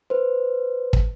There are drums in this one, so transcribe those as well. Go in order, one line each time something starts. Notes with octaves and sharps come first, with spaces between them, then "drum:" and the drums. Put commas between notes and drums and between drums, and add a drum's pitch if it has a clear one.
B4 C5
drum: kick